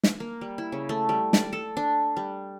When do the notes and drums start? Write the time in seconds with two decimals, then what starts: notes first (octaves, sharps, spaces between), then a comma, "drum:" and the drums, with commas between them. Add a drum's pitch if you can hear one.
0.04 drum: snare
0.20 A#3
0.41 G3
0.58 E4
0.72 C#3
0.89 A3
1.09 G3
1.33 D5, drum: snare
1.53 A4
1.77 D4
2.17 G3